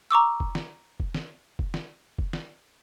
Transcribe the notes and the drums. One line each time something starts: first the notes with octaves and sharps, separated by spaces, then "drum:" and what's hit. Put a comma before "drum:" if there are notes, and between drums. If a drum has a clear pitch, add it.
A#5 C#6 D6 E6
drum: kick
drum: snare
drum: kick
drum: snare
drum: kick
drum: snare
drum: kick
drum: snare